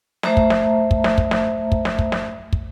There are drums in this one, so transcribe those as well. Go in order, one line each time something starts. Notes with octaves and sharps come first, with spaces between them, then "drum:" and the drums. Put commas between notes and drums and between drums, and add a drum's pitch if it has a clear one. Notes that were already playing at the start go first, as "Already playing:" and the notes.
A3 C5 E5 A5 A#5, drum: snare
drum: kick
drum: snare
drum: kick
drum: snare
drum: kick
drum: snare
drum: kick
drum: snare
drum: kick
drum: snare
drum: kick